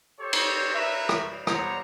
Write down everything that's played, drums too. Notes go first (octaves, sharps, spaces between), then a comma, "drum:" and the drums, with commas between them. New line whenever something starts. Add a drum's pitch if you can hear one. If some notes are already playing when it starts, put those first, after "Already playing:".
G4 A4 C5 C#5
drum: cymbal
A#4 B4 C#5 E5
drum: rim click
G3 B3 C5 C#5 A#5, drum: rim click